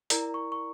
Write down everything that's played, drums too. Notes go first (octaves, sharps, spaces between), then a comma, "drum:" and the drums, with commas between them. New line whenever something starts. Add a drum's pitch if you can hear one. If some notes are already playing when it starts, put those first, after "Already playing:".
E4 A#4 D5 A#5, drum: hi-hat
C#6
C#6